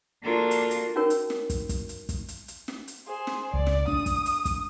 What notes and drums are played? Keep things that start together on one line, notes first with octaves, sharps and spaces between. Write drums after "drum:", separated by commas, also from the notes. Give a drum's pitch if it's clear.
A#3 D4 F4 F#4 A4 A#4
drum: hi-hat
drum: hi-hat
C#4 D#4 F#4 A#4 C#5
drum: hi-hat
drum: snare
drum: kick, hi-hat
drum: kick, hi-hat
drum: hi-hat
drum: kick, hi-hat
drum: hi-hat
drum: hi-hat
drum: snare
drum: hi-hat
G#4 C5
drum: snare
C#2 D5
drum: snare
D4 D#6, drum: kick
drum: kick, hi-hat
drum: hi-hat
drum: kick, hi-hat